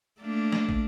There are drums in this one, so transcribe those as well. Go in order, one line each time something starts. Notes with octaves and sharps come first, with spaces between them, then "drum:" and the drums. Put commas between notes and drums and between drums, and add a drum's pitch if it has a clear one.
A3 A#3 D4
drum: snare
drum: kick